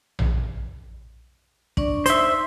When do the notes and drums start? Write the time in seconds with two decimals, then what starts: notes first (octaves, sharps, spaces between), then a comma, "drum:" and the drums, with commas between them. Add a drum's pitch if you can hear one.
0.19 drum: tom A#1
1.77 D4 D5 C#6, drum: kick
2.06 D#4 C5 E5 C6, drum: hi-hat